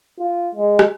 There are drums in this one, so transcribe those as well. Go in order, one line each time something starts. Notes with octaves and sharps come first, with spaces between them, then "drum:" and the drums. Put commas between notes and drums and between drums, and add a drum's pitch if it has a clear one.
F4
G#3
drum: rim click